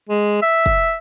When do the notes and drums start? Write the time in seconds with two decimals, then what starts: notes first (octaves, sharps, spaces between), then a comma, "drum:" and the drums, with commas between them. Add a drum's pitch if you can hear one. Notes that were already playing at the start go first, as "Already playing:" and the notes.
0.09 G#3
0.42 E5
0.66 drum: kick